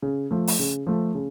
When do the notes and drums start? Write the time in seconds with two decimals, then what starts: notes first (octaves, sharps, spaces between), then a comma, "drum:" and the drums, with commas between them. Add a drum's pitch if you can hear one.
0.02 C#3
0.31 F3 A3
0.48 drum: open hi-hat
0.59 C#3
0.87 F3 A3
1.15 C#3